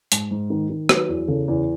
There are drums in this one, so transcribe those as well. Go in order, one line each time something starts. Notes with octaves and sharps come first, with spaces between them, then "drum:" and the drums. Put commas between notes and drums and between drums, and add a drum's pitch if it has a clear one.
G#2, drum: hi-hat
G#2
D#3
D#3
F#3 B4, drum: rim click
E2
C#3 A4
E2